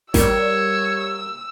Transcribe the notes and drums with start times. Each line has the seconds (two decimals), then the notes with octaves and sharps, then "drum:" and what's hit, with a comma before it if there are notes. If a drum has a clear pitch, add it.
0.14 G3 A#3 C#5 E6, drum: snare A1